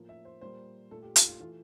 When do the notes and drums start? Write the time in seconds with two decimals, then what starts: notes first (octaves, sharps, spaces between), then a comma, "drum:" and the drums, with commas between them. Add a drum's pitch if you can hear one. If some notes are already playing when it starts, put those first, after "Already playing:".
Already playing: A2 F3 A#3
0.09 E5
0.25 C5
0.41 A#2 G3 A#3 C5
0.91 A#2 A3 A4
1.02 G4
1.16 F4, drum: hi-hat
1.28 F4
1.40 E3 A3 F4